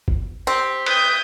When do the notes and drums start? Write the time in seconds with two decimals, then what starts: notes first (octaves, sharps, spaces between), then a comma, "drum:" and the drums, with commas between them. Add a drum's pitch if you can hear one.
0.08 drum: kick
0.47 C4 G4
0.86 B4 G5 D#6 G6, drum: cymbal